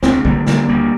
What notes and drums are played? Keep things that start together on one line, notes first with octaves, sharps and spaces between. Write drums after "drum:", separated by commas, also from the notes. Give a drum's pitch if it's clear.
D2 G#3 C4, drum: snare
D3 G3 A#3, drum: kick
D3 G3 A#3, drum: snare
D2 G3 A#3